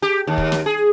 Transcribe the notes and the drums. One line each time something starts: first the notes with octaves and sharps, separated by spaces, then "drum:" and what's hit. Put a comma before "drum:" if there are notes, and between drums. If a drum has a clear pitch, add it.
G4
D#2
drum: kick
drum: snare
G#4